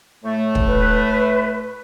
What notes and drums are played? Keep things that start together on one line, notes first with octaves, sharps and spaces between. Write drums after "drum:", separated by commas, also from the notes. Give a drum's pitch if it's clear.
A2 A3
drum: kick
B4